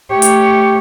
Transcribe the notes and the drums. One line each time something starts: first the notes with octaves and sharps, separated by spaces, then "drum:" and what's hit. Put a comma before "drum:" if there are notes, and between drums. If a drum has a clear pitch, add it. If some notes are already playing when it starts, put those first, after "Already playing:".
A3 G4 C#5
drum: hi-hat